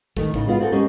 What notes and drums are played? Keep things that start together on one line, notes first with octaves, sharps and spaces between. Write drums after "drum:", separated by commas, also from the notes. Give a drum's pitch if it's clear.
D#3 A3, drum: kick
A2 C#3 D#4, drum: kick
G#3 B3 F4
C4 G#4 A4 F#5
G#3 C#4 G4 A#4